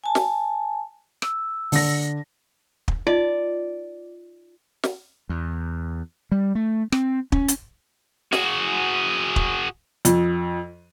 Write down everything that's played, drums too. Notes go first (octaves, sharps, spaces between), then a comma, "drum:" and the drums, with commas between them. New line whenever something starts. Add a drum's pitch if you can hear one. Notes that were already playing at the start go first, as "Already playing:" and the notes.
G#5 A5
drum: snare
E6, drum: rim click
D3 A#6, drum: open hi-hat
drum: kick
D#4 F4 D5 D#5
drum: snare
E2
G3
A3
C4, drum: rim click
C#4, drum: kick
drum: hi-hat
F#4 G#4, drum: snare
drum: kick
F2, drum: hi-hat